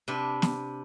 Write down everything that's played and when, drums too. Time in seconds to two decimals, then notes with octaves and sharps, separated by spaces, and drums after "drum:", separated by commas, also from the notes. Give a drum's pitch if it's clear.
0.08 C3 D4 B4
0.42 drum: snare